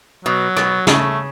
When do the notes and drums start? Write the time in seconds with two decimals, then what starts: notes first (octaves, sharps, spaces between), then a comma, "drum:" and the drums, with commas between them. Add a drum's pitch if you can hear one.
0.25 B2 F#3
0.57 B2, drum: rim click
0.87 C#3 A3, drum: snare